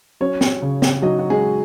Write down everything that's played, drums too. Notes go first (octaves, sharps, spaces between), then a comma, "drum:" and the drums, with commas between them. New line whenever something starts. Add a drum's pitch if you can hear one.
F#3 C#4 C#5
drum: snare
C#3
drum: snare
F#3 D#4 D#5
F#4
G#3 G#4